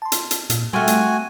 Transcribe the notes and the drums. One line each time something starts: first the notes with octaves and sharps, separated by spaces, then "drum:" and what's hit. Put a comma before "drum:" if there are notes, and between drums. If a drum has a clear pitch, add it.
A5 C6
drum: hi-hat
drum: hi-hat
A#2, drum: hi-hat
G3 A3 C4 F#4 G#5 F6
drum: hi-hat